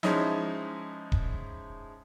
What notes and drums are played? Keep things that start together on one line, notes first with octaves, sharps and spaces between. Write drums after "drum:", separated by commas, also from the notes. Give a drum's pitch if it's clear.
F3 G#3 C#4 D#4 E4, drum: snare
drum: kick D#1